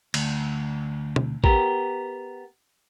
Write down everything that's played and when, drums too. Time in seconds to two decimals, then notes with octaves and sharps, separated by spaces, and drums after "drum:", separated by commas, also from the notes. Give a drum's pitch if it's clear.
0.14 D2, drum: cymbal
1.16 drum: tom B2
1.44 B3 G4 A#4, drum: kick A1